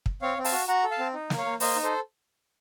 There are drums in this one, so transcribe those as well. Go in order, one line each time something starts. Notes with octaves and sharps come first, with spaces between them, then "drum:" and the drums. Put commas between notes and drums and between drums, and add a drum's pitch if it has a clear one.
drum: kick
C4 C#5 F5
C4
F5 A5, drum: open hi-hat
F#4
F#4 F#5 A#5
A4
F5 A5
C4
D#4
A#3, drum: snare
C#5 F5
A#3
A#3 C5 D#5, drum: open hi-hat
D#4
A4 C5